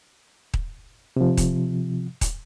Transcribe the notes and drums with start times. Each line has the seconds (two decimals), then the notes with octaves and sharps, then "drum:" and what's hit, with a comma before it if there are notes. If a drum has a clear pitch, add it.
0.54 drum: kick D#1
1.16 C3 F3
1.37 drum: kick D#1, hi-hat
2.21 drum: kick D#1, hi-hat